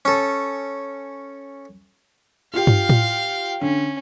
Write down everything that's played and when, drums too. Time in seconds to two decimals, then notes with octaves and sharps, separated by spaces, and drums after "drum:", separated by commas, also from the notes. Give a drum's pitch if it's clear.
0.05 C#4 A4
2.54 F4 G4 F5 G5
2.67 drum: tom
2.89 drum: tom A2
3.61 D3 C#4